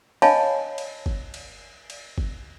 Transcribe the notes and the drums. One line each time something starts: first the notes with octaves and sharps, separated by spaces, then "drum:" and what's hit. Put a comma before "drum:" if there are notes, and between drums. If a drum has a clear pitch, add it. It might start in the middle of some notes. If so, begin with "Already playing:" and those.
C#5 D#5 F5 G#5 A5 B5, drum: cymbal
drum: cymbal
drum: kick
drum: cymbal
drum: cymbal
drum: kick